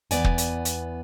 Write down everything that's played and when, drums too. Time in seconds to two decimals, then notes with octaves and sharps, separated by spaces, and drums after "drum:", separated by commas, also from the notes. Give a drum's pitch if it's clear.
0.11 E2 B3 D5 G#5, drum: hi-hat
0.24 drum: kick
0.38 drum: hi-hat
0.65 drum: hi-hat